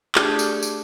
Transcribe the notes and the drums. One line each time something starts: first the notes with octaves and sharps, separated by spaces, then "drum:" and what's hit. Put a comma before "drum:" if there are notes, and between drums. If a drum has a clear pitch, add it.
A3 D4 G4 G#4, drum: clap
drum: tambourine
drum: tambourine